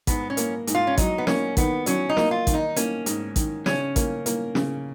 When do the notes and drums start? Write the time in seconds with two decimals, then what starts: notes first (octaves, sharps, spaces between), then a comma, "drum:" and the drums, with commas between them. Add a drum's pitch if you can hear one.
0.07 G#2 B3, drum: kick, hi-hat
0.30 C#4
0.37 A#3, drum: hi-hat
0.67 G#2, drum: hi-hat
0.75 F4
0.87 C#4
0.98 F#3 D#4, drum: kick, hi-hat
1.18 B3
1.27 A#3 C#4, drum: snare
1.57 D#3 B3, drum: kick, hi-hat
1.86 F#3 C#4, drum: hi-hat
2.09 D#4
2.17 A#3, drum: snare
2.31 F4
2.47 D#3, drum: kick, hi-hat
2.54 D#4
2.76 A#3 C#4, drum: hi-hat
3.06 G#2, drum: hi-hat
3.36 D#3, drum: kick, hi-hat
3.66 C#3 C#4, drum: snare
3.96 A#3, drum: kick, hi-hat
4.26 A#3, drum: hi-hat
4.55 C#3, drum: snare